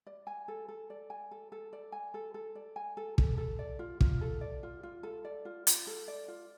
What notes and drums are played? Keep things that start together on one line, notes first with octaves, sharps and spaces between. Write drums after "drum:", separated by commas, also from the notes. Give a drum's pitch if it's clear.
D5
G#5
A4
A4
D5
G#5
A4
A4
D5
G#5
A4
A4
D5
G#5
A4
A4, drum: kick
A4
D5
F4
F4, drum: kick
A4
D5
F4
F4
A4
D5
F4
F4, drum: hi-hat
A4
D5
F4